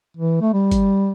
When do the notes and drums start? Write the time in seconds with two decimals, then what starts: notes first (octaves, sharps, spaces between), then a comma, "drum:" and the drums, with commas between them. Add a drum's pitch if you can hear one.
0.17 E3
0.41 A3
0.53 G3
0.71 drum: kick, hi-hat